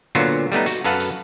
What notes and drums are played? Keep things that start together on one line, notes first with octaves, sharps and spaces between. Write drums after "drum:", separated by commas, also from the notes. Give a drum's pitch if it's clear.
A#2 D3 F#3 B3 F4 F#4
G3 A3 B3 D#4
F#4, drum: hi-hat
F#2 A4 B4 F5 F#5 A5, drum: hi-hat
drum: hi-hat